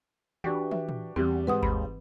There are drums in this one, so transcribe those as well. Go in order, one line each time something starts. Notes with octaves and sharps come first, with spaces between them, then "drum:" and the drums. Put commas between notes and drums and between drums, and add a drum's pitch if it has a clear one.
E3 D4 F#4 G4
E5, drum: tom
drum: tom
E2 E3 G3 C4
G#2 B4 F#5 D#6
D#2 B5, drum: kick G1